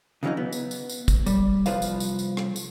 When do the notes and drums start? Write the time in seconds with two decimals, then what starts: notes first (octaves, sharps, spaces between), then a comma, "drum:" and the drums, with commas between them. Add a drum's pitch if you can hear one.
0.23 C#3 E3 F#3 A#3 C#4 D#4
0.37 B3
0.53 drum: tambourine
0.71 drum: tambourine
0.89 drum: tambourine
1.08 drum: kick, tambourine
1.26 G3, drum: tambourine
1.66 C2 A#2 F3 B4 C5 F5, drum: tambourine
1.82 drum: tambourine
2.00 drum: tambourine
2.19 drum: tambourine
2.37 drum: rim click
2.56 drum: tambourine